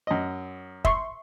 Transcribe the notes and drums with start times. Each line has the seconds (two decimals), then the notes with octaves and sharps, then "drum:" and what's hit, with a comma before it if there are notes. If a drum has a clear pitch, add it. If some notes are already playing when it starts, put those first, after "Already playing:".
0.07 F#2 D#5
0.85 E5 C6 C#6, drum: kick